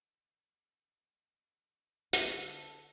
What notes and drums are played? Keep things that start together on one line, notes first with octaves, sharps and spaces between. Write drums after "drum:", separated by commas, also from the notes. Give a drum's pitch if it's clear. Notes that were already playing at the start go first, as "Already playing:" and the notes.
D3 E4 A4, drum: hi-hat